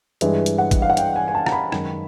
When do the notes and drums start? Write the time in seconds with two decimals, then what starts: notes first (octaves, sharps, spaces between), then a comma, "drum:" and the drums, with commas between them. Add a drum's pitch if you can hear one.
0.21 G2 E3 G#3, drum: hi-hat
0.46 drum: hi-hat
0.58 F#5
0.71 drum: kick, hi-hat
0.82 F5
0.90 F#5
0.97 G5, drum: hi-hat
1.16 G#5
1.28 G#5
1.35 A5
1.46 A#5, drum: rim click
1.52 B5
1.72 F#2 D#3 G#3, drum: rim click